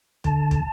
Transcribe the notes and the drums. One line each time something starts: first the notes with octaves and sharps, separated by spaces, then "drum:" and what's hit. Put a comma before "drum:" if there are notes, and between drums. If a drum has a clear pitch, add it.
D3 A5, drum: kick
drum: kick